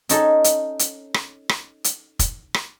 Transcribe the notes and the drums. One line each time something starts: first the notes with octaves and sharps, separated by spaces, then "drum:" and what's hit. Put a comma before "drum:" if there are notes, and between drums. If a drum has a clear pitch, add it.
C#4 D#4 A4, drum: hi-hat
drum: hi-hat
drum: hi-hat
drum: rim click
drum: rim click
drum: hi-hat
drum: kick F1, hi-hat
drum: rim click